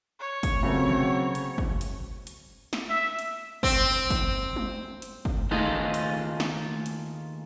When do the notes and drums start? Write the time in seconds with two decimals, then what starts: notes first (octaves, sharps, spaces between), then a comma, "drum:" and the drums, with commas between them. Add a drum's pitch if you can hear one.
0.20 C#5
0.43 drum: kick, hi-hat
0.63 C#3 F#3 A3 A#3 C4
0.89 drum: tom B2
1.35 drum: hi-hat
1.58 drum: kick
1.81 drum: hi-hat
2.27 drum: hi-hat
2.73 drum: snare
2.89 E5
3.19 drum: hi-hat
3.63 C4, drum: kick
4.10 drum: kick, hi-hat
4.56 drum: tom G3
5.02 drum: hi-hat
5.25 drum: kick
5.51 D#2 A3 D#4 F4 G#4 D#5
5.94 drum: hi-hat
6.40 drum: snare
6.86 drum: hi-hat